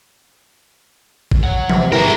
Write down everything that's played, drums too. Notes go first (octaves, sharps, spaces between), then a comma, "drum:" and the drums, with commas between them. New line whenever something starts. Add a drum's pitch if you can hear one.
drum: kick
C#5 F#5
C3, drum: tom E3
E3 G#3 A#4 G5